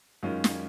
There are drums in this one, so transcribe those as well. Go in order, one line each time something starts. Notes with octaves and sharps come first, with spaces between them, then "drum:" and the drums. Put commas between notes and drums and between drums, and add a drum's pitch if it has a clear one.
F#2 D#3 G#3 C#4 F4
drum: snare